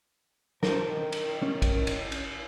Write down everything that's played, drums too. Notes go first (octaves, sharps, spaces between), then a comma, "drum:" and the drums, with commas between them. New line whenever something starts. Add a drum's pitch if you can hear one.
A#4 C5 A5, drum: snare
D#3
drum: cymbal
C#4
drum: kick, cymbal
drum: cymbal
drum: cymbal